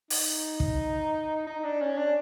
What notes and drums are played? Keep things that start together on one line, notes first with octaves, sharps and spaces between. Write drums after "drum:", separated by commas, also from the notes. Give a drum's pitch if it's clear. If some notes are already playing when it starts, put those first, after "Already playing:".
D#4, drum: open hi-hat
drum: kick
D#4
D4
C#4
D4